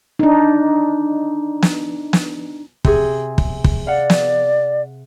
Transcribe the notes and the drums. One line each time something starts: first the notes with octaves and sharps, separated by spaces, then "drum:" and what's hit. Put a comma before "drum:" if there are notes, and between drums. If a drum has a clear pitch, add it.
D4 D#4
drum: snare
drum: snare
C3 G#4, drum: kick
drum: kick
drum: kick
D5 F5 F#5
drum: snare